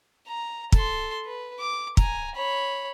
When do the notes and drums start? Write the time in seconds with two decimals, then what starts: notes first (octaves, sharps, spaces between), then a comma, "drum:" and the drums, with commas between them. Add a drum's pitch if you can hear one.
0.27 A#5
0.72 A4 C6, drum: kick
1.26 B4
1.60 D6
1.97 G#5 A#5, drum: kick
2.35 C#5 B5